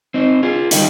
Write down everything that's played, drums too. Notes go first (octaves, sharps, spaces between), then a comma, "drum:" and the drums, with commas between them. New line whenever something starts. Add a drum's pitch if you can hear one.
C4 D#4
F4 G#4
D#3 G3 D#4 G4, drum: hi-hat